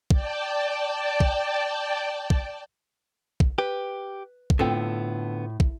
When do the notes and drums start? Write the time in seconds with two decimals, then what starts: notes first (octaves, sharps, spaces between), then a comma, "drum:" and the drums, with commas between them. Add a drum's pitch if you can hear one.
0.10 D5 G5 A5, drum: kick
1.20 drum: kick
2.30 drum: kick
3.40 drum: kick
3.58 G4 B4
4.50 drum: kick
4.59 A2 D3 B3 C4 F4 A4
5.60 drum: kick